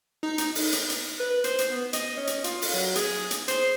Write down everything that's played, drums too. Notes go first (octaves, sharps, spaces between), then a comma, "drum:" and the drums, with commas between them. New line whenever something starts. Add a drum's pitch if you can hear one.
D#4
drum: hi-hat
drum: open hi-hat
drum: hi-hat
drum: hi-hat
B4
C5, drum: hi-hat
drum: hi-hat
B3
D#5, drum: hi-hat
C#4
drum: hi-hat
F4, drum: hi-hat
drum: open hi-hat
F#3
G#4, drum: hi-hat
drum: hi-hat
C5, drum: hi-hat